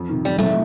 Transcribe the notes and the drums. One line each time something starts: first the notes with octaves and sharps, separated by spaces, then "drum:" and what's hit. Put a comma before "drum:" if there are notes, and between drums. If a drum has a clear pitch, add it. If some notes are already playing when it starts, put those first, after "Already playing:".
Already playing: F2
C3 D#3
F2 G3
C3 D#3 A3, drum: tom F#3